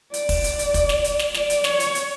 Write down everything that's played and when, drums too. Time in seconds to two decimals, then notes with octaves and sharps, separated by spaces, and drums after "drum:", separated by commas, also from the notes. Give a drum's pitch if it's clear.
0.14 D5, drum: hi-hat
0.29 drum: kick, open hi-hat
0.44 drum: hi-hat
0.59 drum: hi-hat
0.74 drum: kick, hi-hat
0.89 drum: snare
1.04 drum: hi-hat
1.20 drum: snare
1.35 D5, drum: snare
1.50 drum: hi-hat
1.64 C#5, drum: snare
1.80 drum: hi-hat
1.95 drum: hi-hat